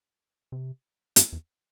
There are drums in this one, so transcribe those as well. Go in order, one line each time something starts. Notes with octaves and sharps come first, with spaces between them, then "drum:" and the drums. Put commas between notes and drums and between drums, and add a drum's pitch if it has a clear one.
C3
G2, drum: hi-hat
E2